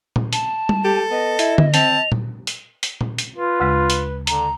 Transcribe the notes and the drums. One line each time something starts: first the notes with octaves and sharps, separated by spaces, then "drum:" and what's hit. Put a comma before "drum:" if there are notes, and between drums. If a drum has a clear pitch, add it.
drum: tom A#2
A5, drum: hi-hat
drum: tom G3
G4 A4
B3 D#5
E4, drum: hi-hat
drum: tom D3
C4 A5 F7, drum: hi-hat
drum: tom A#2
drum: hi-hat
drum: hi-hat
drum: tom A#2
drum: hi-hat
F4 B4
D2 C#3 G#3
drum: hi-hat
D3 A#5, drum: hi-hat